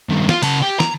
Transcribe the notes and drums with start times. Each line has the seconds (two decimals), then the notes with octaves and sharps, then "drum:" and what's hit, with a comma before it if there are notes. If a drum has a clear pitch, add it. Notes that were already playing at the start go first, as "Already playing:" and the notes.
0.09 G2 D#3
0.29 F4, drum: snare
0.43 C#3 A5, drum: cymbal
0.63 G4
0.80 A#5, drum: snare